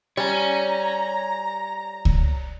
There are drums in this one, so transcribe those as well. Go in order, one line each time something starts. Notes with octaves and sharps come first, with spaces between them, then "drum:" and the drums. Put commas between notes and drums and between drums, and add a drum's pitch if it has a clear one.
G3 C#5 G#5 A#5
drum: kick C#2